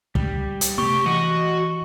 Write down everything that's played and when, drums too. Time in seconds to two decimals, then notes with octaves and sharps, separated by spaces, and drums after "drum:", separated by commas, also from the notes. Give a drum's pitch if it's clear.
0.15 G3, drum: kick
0.61 drum: hi-hat
0.78 C3 A3 B3 G4 C#6
1.06 E3 F#4 D#5